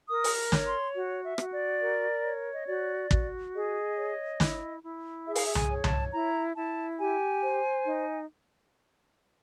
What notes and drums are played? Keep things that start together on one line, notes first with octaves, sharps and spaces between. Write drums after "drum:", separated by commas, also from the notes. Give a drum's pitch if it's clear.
A#4 D#6
drum: open hi-hat
C#5, drum: snare
C6
F#4
E5
F#4, drum: rim click
D5
A#4
C#5
D#5
F#4 D5
F#4, drum: kick
G#4 D#5
C#5
E4, drum: snare
E4
G#4 E5
F5, drum: open hi-hat
E5
G#5, drum: tom C2
C#5
A5, drum: tom C2
E4 A#5
E4 A5
G4 G#5
C5
D#4